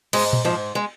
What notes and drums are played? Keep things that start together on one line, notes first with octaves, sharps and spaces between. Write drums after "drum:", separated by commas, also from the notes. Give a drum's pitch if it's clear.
G#2 G#3, drum: cymbal
drum: tom A#2
G#2 F3
G#3